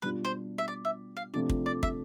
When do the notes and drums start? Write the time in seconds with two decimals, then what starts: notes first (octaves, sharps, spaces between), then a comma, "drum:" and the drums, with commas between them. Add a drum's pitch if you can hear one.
0.02 B2 G3 D4 F4 B4
0.25 C5
0.58 E5
0.68 D5
0.85 E5
1.17 F5
1.33 C3 F3 A3 D4 F4 D5
1.49 drum: kick
1.66 D5
1.83 E5, drum: kick